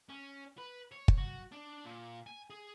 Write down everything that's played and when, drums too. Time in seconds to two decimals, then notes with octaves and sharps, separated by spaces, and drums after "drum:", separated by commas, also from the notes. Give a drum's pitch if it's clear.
0.09 C#4
0.58 B4
0.92 C#5
1.08 drum: kick
1.18 F#4
1.52 D4
1.85 A#2
2.26 G#5
2.50 G#4